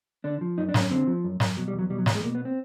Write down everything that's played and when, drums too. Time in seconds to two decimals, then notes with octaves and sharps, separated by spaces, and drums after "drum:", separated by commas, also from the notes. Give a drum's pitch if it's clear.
0.24 D3 D4
0.41 F3
0.58 F#2 D#4
0.69 D4
0.74 F#2, drum: snare
0.80 C#4
0.91 D3 C4
1.07 F3
1.24 F#2
1.40 F#2, drum: snare
1.57 B2 F#3
1.68 G3
1.73 E2
1.79 F#3
1.90 B2 G3
1.98 F#3
2.06 E2, drum: snare
2.15 G#3
2.24 B2 A#3
2.35 B3
2.45 C4